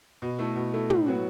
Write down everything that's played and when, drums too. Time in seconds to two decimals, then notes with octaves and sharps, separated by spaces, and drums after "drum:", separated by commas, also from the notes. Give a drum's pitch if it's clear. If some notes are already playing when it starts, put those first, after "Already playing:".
0.22 B2
0.39 A3 E4 A4
0.55 B2
0.73 A3 E4 A4
0.90 A2, drum: tom
1.06 F#3 B3 F#4